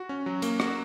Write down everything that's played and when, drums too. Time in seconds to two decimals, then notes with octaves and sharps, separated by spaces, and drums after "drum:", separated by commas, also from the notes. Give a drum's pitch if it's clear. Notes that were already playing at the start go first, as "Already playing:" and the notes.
Already playing: F#4
0.09 C#4
0.26 F#3
0.42 A#3, drum: hi-hat
0.60 F#4, drum: rim click